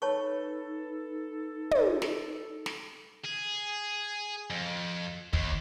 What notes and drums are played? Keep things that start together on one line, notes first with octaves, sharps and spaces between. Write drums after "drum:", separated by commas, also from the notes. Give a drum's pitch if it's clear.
D#4 A4 B4 C#5 A5 C#6
drum: tom
drum: snare
drum: snare
G#4
F2
D#2, drum: kick